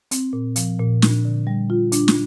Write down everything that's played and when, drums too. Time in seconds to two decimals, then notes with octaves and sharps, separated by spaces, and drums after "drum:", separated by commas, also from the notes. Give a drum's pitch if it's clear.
0.11 C4, drum: hi-hat
0.33 A#2
0.56 F3, drum: hi-hat
0.80 A#2
1.02 D4, drum: snare
1.25 D3
1.47 G3
1.70 F4
1.92 D4, drum: hi-hat
2.08 drum: snare